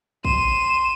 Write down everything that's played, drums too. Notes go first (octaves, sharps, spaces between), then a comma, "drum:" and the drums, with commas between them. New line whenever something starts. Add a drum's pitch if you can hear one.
C6 D#7 E7, drum: kick